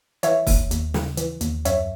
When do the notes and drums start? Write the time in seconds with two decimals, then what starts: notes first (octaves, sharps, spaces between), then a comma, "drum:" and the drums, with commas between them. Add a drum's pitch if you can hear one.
0.23 E3 C#5 E5, drum: hi-hat
0.47 D#2, drum: kick, open hi-hat
0.71 D#2, drum: hi-hat
0.94 C#3, drum: snare
1.17 E3, drum: hi-hat
1.41 D#2, drum: hi-hat
1.65 F#2 C#5 E5, drum: hi-hat